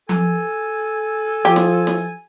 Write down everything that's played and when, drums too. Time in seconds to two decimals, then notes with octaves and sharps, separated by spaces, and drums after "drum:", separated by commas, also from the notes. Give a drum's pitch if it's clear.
0.09 A4 G#5, drum: tom F3
1.45 F3 G4
1.56 drum: snare
1.87 drum: snare